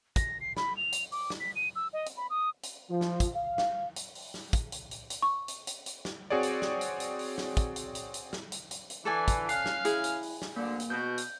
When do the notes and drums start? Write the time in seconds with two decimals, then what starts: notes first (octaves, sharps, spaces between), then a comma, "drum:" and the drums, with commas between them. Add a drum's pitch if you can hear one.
0.16 A#6, drum: kick, hi-hat
0.41 C7
0.57 B5, drum: snare
0.77 F7
0.92 drum: hi-hat
1.12 D6, drum: open hi-hat
1.30 drum: snare
1.40 B6
1.56 D#7
1.76 E6
1.93 D#5
2.06 drum: hi-hat
2.17 B5
2.30 D#6
2.63 drum: hi-hat
2.90 F3
3.01 drum: snare
3.20 drum: kick, hi-hat
3.34 F5
3.58 drum: snare
3.96 drum: hi-hat
4.15 drum: open hi-hat
4.34 drum: snare
4.53 drum: kick, hi-hat
4.72 drum: hi-hat
4.91 drum: hi-hat
5.10 drum: hi-hat
5.22 C#6
5.48 drum: hi-hat
5.67 drum: hi-hat
5.86 drum: hi-hat
6.05 drum: snare
6.30 C4 F#4 G#4 C#5 D5
6.43 drum: hi-hat
6.62 drum: snare
6.81 drum: hi-hat
7.00 drum: hi-hat
7.19 drum: open hi-hat
7.38 drum: snare
7.57 drum: kick, hi-hat
7.76 drum: hi-hat
7.95 drum: hi-hat
8.14 drum: hi-hat
8.33 drum: snare
8.52 drum: hi-hat
8.71 drum: hi-hat
8.90 drum: hi-hat
9.05 D3 E3 A4 D5 G#5
9.28 drum: kick, hi-hat
9.49 C#4 F5 F6 F#6 C7, drum: hi-hat
9.66 drum: snare
9.85 E4 G#4, drum: hi-hat
10.04 drum: hi-hat
10.23 drum: open hi-hat
10.42 drum: snare
10.56 D2 D3 A#3
10.80 drum: hi-hat
10.90 B2 G6
11.18 drum: hi-hat